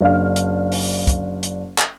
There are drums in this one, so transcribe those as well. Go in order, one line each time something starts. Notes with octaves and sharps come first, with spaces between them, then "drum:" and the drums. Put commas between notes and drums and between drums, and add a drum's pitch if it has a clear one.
F#1 D4 F5 F6
drum: hi-hat
drum: open hi-hat
drum: kick, hi-hat
drum: hi-hat
drum: clap